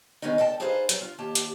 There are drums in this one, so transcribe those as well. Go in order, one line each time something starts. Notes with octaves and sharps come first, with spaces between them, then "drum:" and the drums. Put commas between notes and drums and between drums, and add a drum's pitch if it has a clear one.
D#3 G#3 B3 C#4 D#4
A4 D#5 G5 A5
D#4 G#4 A4 B4 C5 F5
F#3, drum: hi-hat
F4
D#2 G4 A5
drum: hi-hat